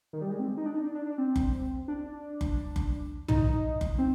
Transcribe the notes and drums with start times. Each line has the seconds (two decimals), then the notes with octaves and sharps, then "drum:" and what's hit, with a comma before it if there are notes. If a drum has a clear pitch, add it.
0.13 D#3
0.22 G3
0.31 G#3
0.39 C4
0.57 D#4
0.66 D4
0.74 D#4
0.83 D4
0.95 D4
1.06 D4
1.18 C4
1.36 drum: kick F#1
1.88 D4
2.41 drum: kick F#1
2.76 drum: kick F#1
3.28 D#4, drum: tom
3.81 drum: kick F#1
3.99 C4